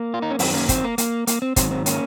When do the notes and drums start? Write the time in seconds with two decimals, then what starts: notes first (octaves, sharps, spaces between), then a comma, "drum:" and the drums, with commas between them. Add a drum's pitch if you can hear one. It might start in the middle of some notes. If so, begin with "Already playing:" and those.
Already playing: A#3
0.14 F4
0.22 D#4
0.31 C#4
0.39 F#2 D#3 F#3 C4, drum: open hi-hat
0.54 A#3 C#4
0.69 C4, drum: kick, hi-hat
0.84 A#3
0.98 A#3, drum: hi-hat
1.27 A#3, drum: hi-hat
1.42 C4
1.56 G#2 D#3 F#3 C4, drum: kick, hi-hat
1.71 C4
1.86 A#3 C#4, drum: hi-hat